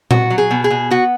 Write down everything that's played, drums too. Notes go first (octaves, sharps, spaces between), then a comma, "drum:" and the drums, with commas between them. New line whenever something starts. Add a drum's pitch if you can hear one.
B3 F#4, drum: tom A#2
F#3
G#4
B2
G#4
B2
B3 F#4